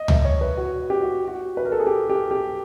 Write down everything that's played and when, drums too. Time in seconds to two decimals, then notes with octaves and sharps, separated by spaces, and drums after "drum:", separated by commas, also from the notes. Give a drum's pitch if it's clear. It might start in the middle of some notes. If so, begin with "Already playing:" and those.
Already playing: D#5
0.08 E5, drum: tom C#2
0.25 C#5
0.41 B4
0.58 F#4
0.90 G4
1.02 F#4
1.28 F#4
1.57 B4
1.65 A#4
1.72 A4
1.80 G#4
1.87 G4
2.10 G4
2.31 G4